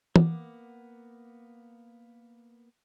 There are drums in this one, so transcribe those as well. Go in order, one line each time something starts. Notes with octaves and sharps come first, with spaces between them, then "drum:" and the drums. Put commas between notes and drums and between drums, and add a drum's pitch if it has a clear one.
A#3 B3 F#5 D6, drum: tom